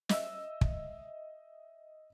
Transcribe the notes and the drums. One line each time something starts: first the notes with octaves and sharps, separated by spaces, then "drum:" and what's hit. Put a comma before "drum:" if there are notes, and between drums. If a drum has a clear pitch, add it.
D#5 E5 E6, drum: snare
drum: kick